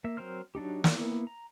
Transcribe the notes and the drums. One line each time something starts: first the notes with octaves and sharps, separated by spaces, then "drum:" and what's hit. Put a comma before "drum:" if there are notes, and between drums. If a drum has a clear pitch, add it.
A#3 E5
F#3 C4 A#4 C5 F6
F#3 D4 D#4 G4
A#3 B3 E4, drum: snare
A#5